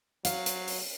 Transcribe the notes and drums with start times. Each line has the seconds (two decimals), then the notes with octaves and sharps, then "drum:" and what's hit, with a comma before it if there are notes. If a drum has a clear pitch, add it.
0.25 F#3 F5, drum: hi-hat
0.46 drum: hi-hat
0.68 drum: open hi-hat